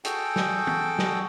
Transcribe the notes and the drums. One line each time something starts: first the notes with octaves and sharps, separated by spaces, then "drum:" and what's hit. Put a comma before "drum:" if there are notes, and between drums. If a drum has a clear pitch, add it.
F#4 G#4 A4 G5, drum: hi-hat
drum: snare
drum: tom
drum: snare